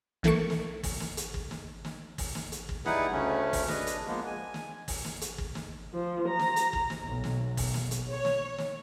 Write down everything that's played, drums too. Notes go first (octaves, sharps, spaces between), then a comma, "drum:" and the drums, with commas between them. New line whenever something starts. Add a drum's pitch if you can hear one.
B1 E3 A3 A#3 A4 C#6
drum: snare
drum: kick, open hi-hat
drum: snare
drum: hi-hat
drum: kick
drum: snare
drum: snare
drum: kick, open hi-hat
drum: snare
drum: hi-hat
drum: kick
G3 D#4 E4 G#4 B4 F#5, drum: snare
D2 C#3 A3 C#4
drum: kick, open hi-hat
D4 B4 D#5, drum: snare
drum: hi-hat
F3 G#3 A#3 B3
G#5
drum: snare
drum: kick, open hi-hat
drum: snare
drum: hi-hat
drum: kick
drum: snare
F3
A#5
drum: snare
drum: hi-hat
drum: kick
drum: snare
B1
drum: snare
drum: kick, open hi-hat
drum: snare
drum: hi-hat
C#5
drum: snare
drum: snare